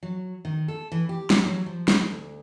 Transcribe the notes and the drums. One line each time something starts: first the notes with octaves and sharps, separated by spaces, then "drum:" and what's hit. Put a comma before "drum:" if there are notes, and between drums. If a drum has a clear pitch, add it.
F#3
D#3
A4
E3
G4
drum: snare
F#3
F3
drum: snare
D2